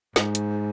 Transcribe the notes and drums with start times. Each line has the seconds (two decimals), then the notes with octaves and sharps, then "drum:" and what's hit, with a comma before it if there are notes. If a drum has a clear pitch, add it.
0.16 G#2, drum: snare
0.35 drum: hi-hat